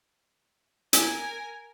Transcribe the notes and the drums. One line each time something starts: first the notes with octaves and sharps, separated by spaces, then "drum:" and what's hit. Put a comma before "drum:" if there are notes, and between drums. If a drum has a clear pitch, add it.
A#4 G#5, drum: hi-hat